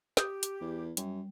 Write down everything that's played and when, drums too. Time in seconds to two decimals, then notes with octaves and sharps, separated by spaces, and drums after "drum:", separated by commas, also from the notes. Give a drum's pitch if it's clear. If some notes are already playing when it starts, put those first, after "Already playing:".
0.17 G4 D#6 G6, drum: snare
0.43 drum: hi-hat
0.61 E2
0.97 F#2 G3, drum: hi-hat